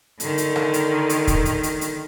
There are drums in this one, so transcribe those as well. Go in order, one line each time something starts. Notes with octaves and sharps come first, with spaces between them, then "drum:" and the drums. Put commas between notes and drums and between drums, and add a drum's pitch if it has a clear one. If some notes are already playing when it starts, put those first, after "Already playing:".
D3 D#3, drum: hi-hat
drum: hi-hat
drum: rim click
drum: hi-hat
drum: hi-hat
drum: kick, hi-hat
drum: hi-hat
drum: hi-hat
drum: hi-hat